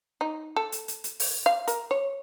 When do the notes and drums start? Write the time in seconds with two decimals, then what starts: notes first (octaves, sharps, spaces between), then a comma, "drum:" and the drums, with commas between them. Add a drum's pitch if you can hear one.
0.21 D#4
0.56 A4
0.72 drum: hi-hat
0.88 drum: hi-hat
1.04 drum: hi-hat
1.20 drum: open hi-hat
1.46 F5
1.68 A#4, drum: hi-hat
1.91 C#5